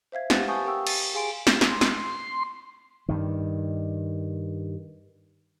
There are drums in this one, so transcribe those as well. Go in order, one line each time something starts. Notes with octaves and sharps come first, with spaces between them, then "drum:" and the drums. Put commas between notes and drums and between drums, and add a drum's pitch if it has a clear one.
C5 E5 F5 G#6
G4 B4 F#5 A6, drum: snare
F5 G#5 A5 C#6 D#6 G6
G4 A#4 F5 G5 C#6 E6
A6 D#7, drum: cymbal
G#4 F5 G#5 C6 D7
drum: snare
C6, drum: snare
drum: snare
G2 D#3